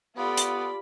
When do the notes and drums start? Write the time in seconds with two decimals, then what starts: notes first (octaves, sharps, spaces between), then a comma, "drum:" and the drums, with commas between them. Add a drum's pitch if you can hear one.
0.17 B3 F4 G4 A4 D5 B5
0.37 drum: hi-hat